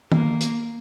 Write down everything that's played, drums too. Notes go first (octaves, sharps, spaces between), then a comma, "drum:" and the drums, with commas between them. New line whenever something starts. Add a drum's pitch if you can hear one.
A#3, drum: tom
drum: hi-hat